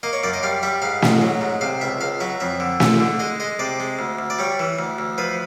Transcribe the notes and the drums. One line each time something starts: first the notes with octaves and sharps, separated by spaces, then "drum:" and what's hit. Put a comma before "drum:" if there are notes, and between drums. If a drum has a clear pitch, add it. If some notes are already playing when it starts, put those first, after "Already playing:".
A#3 D#5
C#5
F#2 D5
D#5
G3 F5
G3 E5
G#2 F5
G#2, drum: snare
F#3
G#2
C3 F5
C#2 E5
C#2 F5
F#3 E5
F2 E5
D3
A3, drum: snare
D3
G#3 D#5
G#3 D#5
C3 D5
G#3
D2
D2
D5
G3 C#5
E3
D2
D2
F3 B4